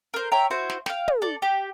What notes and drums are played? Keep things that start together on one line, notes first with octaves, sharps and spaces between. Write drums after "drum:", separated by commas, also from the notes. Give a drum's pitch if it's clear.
A#4 C5
C#5 E5 G5 A#5
E4 F#4 C5
drum: snare
F5 G5, drum: snare
drum: tom
A4 D5
G4